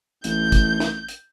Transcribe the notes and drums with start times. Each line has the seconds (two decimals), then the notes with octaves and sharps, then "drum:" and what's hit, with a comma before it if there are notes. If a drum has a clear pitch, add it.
0.24 A1 G6, drum: hi-hat
0.52 drum: kick, hi-hat
0.80 drum: snare
1.08 drum: hi-hat